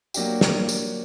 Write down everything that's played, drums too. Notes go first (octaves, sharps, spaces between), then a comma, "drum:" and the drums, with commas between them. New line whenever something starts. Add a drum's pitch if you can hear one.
F#3 A#3 D4 G4, drum: tambourine
drum: snare
drum: tambourine